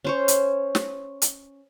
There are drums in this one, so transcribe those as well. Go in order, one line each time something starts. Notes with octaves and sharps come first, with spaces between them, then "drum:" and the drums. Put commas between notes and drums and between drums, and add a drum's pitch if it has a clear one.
C#4 C5 C#5
drum: hi-hat
drum: snare
drum: hi-hat